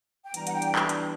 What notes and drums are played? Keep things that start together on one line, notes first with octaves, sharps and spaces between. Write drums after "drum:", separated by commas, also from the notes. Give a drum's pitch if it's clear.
G5
G2 E3 G3 B3 D4 A#5, drum: hi-hat
F#5, drum: hi-hat
G5
drum: hi-hat
drum: clap
drum: hi-hat